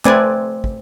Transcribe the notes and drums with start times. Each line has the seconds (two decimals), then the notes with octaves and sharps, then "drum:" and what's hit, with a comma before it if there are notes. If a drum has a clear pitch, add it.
0.05 A3 C4 B4 D5 G#5, drum: clap
0.64 drum: kick